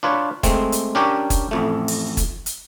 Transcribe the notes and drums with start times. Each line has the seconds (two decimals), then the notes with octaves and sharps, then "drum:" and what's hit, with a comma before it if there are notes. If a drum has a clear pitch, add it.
0.03 D4 F4 B4 C#5
0.43 G#3 A3 C4, drum: kick, hi-hat
0.72 drum: hi-hat
0.95 C#4 D4 G4 A#4 C#5 G5
1.30 drum: kick, hi-hat
1.51 A1 F2 A3
1.88 drum: open hi-hat
2.17 drum: kick, hi-hat
2.46 drum: hi-hat